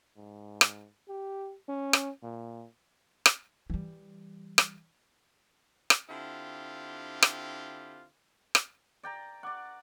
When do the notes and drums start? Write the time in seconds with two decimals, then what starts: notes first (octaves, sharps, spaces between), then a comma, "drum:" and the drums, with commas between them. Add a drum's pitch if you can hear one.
0.16 G#2
0.61 drum: rim click
1.08 G4
1.68 C#4
1.93 drum: rim click
2.23 A#2
3.26 drum: rim click
3.70 E3 G3
4.58 drum: rim click
5.90 drum: rim click
6.09 D3 C4 E4 F4 G4
7.22 drum: rim click
8.55 drum: rim click
9.03 D5 G5 A#5
9.43 D5 F#5 C#6 D6